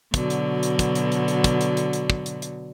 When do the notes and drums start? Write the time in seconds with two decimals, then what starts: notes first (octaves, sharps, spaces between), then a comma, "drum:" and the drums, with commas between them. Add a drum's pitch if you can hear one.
0.14 B2 D3 F#3, drum: kick, hi-hat
0.30 drum: hi-hat
0.63 drum: hi-hat
0.79 drum: kick, hi-hat
0.95 drum: hi-hat
1.12 drum: hi-hat
1.28 drum: hi-hat
1.44 drum: kick, hi-hat
1.61 drum: hi-hat
1.77 drum: hi-hat
1.93 drum: hi-hat
2.10 drum: kick
2.26 drum: hi-hat
2.42 drum: hi-hat